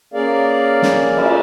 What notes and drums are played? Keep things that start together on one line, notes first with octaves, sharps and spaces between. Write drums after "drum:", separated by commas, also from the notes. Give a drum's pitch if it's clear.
A#3 C#4 G#4 A#4 D5 F5
drum: snare
drum: cymbal